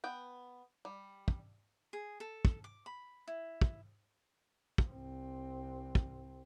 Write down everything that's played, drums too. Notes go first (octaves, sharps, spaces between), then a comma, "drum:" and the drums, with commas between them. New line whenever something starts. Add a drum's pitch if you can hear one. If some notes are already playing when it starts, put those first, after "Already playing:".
B3 G5
G3
drum: kick
G#4
A4
drum: kick
D6
B5
E4
drum: kick
drum: kick
C2 C4
drum: kick